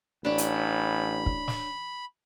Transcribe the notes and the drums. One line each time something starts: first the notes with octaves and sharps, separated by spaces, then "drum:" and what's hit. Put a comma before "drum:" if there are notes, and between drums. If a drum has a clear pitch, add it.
A1 D4 C#5 B5
drum: hi-hat
drum: kick
drum: snare